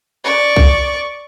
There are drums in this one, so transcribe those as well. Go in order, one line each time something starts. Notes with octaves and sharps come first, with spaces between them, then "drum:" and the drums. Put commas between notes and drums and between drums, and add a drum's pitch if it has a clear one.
D5 C#6
drum: kick